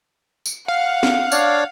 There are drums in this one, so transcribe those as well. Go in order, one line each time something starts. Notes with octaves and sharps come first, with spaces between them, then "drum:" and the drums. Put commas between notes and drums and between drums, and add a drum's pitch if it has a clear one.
drum: tambourine
F5 F#5
drum: snare
D4 C#5 D5, drum: tambourine